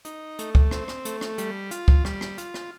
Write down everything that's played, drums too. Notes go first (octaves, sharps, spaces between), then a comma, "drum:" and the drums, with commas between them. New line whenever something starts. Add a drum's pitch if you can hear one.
D#4, drum: hi-hat
A3, drum: hi-hat
drum: kick
C4, drum: rim click
drum: rim click
A3, drum: hi-hat
drum: rim click
G3, drum: hi-hat
F4, drum: hi-hat
drum: kick
G3, drum: rim click
drum: rim click
F4, drum: hi-hat
drum: rim click